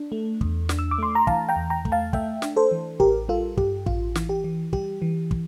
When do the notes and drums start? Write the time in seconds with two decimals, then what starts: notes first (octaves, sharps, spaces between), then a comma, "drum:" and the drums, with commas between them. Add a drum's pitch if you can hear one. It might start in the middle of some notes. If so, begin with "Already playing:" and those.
Already playing: D4
0.12 A3
0.41 E2, drum: kick
0.69 D4, drum: snare
0.79 E6
0.91 D6
0.98 A3 C6
1.15 A#5
1.27 E3 F5 A5, drum: kick
1.49 G5 A#5
1.56 E2
1.70 G5 A#5
1.85 A3, drum: kick
1.92 F5 A5
2.13 A3 E5 G5, drum: kick
2.42 D4, drum: snare
2.56 A4 C5
2.71 E3
3.00 A1 G4 A#4, drum: kick
3.29 G3 F4 A4
3.57 G2 G4, drum: kick
3.86 A1 F4, drum: kick
4.15 E3, drum: snare
4.29 G4
4.44 E3
4.73 G3 G4, drum: kick
5.02 E3
5.31 drum: kick